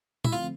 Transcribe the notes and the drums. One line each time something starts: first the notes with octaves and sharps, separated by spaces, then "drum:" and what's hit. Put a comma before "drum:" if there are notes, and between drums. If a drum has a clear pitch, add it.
E4, drum: tom
D3 F3 A3 C4 F4